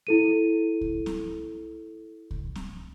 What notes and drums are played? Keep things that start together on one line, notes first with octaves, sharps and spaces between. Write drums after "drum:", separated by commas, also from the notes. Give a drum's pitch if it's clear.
E4 A4 D#7
drum: kick C2
drum: snare C4
drum: kick C2
drum: snare C4